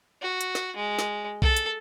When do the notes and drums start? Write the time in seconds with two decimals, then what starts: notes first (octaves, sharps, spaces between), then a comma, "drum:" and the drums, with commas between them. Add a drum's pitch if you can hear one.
0.22 F#4
0.41 drum: hi-hat
0.55 drum: snare
0.76 G#3
0.99 drum: snare
1.42 A4, drum: kick B1
1.57 drum: hi-hat